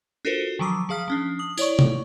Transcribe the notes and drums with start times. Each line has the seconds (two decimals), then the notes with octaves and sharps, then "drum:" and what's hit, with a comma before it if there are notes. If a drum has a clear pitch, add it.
0.25 D4 F4 F#4 A4 A#4 C5
0.59 D#3 F3 F#3 C#6 D6
0.89 F3 G#4 F5 F6 B6
1.08 F3 C#4 D4
1.39 D#6 F#7
1.57 E4 C#5 D5 C#6, drum: tambourine
1.79 drum: tom C3